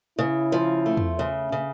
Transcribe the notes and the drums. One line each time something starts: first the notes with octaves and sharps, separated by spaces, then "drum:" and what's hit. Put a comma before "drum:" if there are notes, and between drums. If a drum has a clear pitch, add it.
C#3 E4
F3
A3
drum: tom E2
C#3
C#3